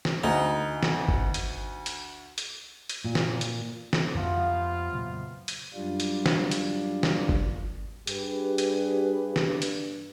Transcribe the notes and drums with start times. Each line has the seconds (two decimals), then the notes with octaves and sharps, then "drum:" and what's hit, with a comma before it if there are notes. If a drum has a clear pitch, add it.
0.05 drum: snare
0.24 D2 D#4
0.83 drum: snare
1.08 drum: kick G1
1.34 drum: hi-hat
1.86 drum: hi-hat
2.38 drum: hi-hat
2.89 drum: hi-hat
3.04 A#2
3.15 drum: snare
3.41 drum: hi-hat
3.93 drum: snare
4.15 F2 C3 F3 G#3 B3 F4
4.92 A#2 C#3 F#3
5.48 drum: hi-hat
5.74 F#2 G3 D4 F4
6.00 drum: hi-hat
6.26 drum: snare
6.51 drum: hi-hat
7.03 drum: snare
7.29 drum: kick G1
8.07 G2 G4 G#4 B4, drum: hi-hat
8.58 drum: hi-hat
9.36 drum: snare
9.62 drum: hi-hat